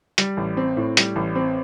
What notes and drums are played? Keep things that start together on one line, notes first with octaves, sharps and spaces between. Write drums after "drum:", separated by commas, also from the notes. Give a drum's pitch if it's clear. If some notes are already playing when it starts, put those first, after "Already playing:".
G3, drum: hi-hat
A1
C4
A2
G3, drum: hi-hat
A1
C4